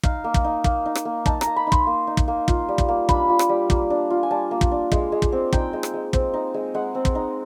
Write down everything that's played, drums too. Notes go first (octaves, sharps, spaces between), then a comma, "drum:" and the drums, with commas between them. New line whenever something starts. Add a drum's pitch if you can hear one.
D#4 F5, drum: kick
A#3
drum: kick
D#4
A#3, drum: kick
D#4
drum: rim click
A#3
D#4 A5, drum: kick
A#5, drum: rim click
A#3
B5
D#4
C6, drum: kick
A#3
D#4
drum: kick
A#3
F4, drum: kick
G3
drum: kick
A#3
D4 B5, drum: kick
F4
drum: rim click
G3
A#3, drum: kick
D4
F4
G#5
G3 A5
A#3
drum: kick
D4
G#3, drum: kick
G#3
drum: kick
C4
D#4 G5, drum: kick
G#3
drum: rim click
G#3
C4, drum: kick
D#4
G#3
G#3 F#5
C4
drum: kick
D#4